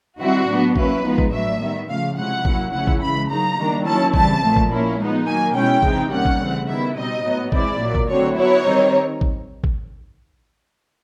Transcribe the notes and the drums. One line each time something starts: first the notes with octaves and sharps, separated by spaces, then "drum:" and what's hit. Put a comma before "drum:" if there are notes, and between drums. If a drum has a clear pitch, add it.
D#3 G3 C4 E4 F#4
A2 F#3 B3 D4
F#3 A#3 C#4 E4 B4, drum: kick A1
F3 G#3 B3 D#4
drum: kick A1
A2 F#3 A3 D4 E5
D#3 G3 B3
C#3 F3 A3 F5
C3 F3 G#3 C#4 E4 F#5
F#3 A#3 C#4 E4, drum: kick A1
C#3 F3 A3 C#4 E4 F#5
drum: kick A1
C#3 E3 G#3 B5
F#3 A#3 D#4 A#5
D#3 G3 A#3 D4
F#3 A#3 C#4 E4 A5
C#3 E3 G3 C4 A5, drum: kick A1
A#2 F3 A3
drum: kick A1
F3 A#3 C#4 E4
F3 G#3 B3 D#4
D#3 F#3 A#3 G#5
B2 G#3 C#4 E4 G5
C3 E3 G#3 C4 D#4, drum: kick A1
D#3 G3 A#3 C#4 F#5
drum: kick A1
C#3 E3 A3 C4
D#3 G3 B3 E4 E5
B2 G3 C4 D#4 D#5
A2 F#3 B3
E3 G#3 C4 E4 D5, drum: kick A1
A#2 F#3 A#3
drum: kick A1
D3 F#3 A3 C4 C#5
F#3 B3 E4 C#5
D#3 G3 C4 D#4
drum: kick A1
drum: kick A1